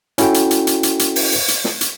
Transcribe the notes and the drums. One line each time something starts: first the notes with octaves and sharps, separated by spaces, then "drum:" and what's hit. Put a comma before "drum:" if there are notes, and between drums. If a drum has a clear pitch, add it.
C#4 E4 F#4 A4 G5, drum: hi-hat
drum: hi-hat
drum: hi-hat
drum: hi-hat
drum: hi-hat
drum: hi-hat
drum: open hi-hat
drum: open hi-hat
drum: hi-hat
drum: snare
drum: hi-hat